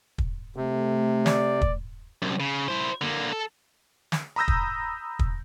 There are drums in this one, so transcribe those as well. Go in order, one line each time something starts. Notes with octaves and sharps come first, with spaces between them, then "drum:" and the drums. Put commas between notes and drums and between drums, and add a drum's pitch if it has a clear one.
drum: kick
C3 A3
D5, drum: snare
drum: kick
C2 F#2
C#3
E4 C5
D3 A#3
A4
drum: snare
A#5 B5 D#6 E6 G6 A#6
drum: kick
drum: kick